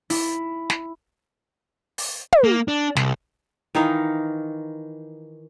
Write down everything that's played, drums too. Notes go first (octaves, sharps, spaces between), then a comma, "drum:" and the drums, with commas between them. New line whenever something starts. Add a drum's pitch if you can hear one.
E4, drum: open hi-hat
drum: snare
drum: open hi-hat
drum: tom
A#3
D4
C2, drum: snare
D#3 E3 D#4 F5